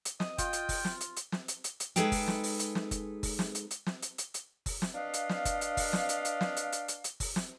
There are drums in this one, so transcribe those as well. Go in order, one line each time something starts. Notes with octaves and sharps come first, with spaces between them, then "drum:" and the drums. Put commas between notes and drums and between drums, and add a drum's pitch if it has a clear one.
drum: hi-hat
D#5, drum: snare
F4 G5, drum: kick F#1, hi-hat
drum: hi-hat
drum: kick F#1, open hi-hat
drum: snare
drum: hi-hat
drum: hi-hat
drum: snare
drum: hi-hat
drum: hi-hat
drum: hi-hat
G#3 D#4 G#4 A4 B4 G5, drum: hi-hat
drum: kick F#1, open hi-hat
drum: snare
drum: open hi-hat
drum: hi-hat
drum: snare
drum: kick F#1, hi-hat
drum: kick F#1, open hi-hat
drum: snare
drum: hi-hat
drum: hi-hat
drum: snare
drum: hi-hat
drum: hi-hat
drum: hi-hat
drum: kick F#1, open hi-hat
drum: snare
D4 B4 D#5 F5
drum: hi-hat
drum: snare
drum: kick F#1, hi-hat
drum: hi-hat
drum: kick F#1, open hi-hat
drum: snare
drum: hi-hat
drum: hi-hat
drum: snare
drum: hi-hat
drum: hi-hat
drum: hi-hat
drum: hi-hat
drum: kick F#1, open hi-hat
drum: snare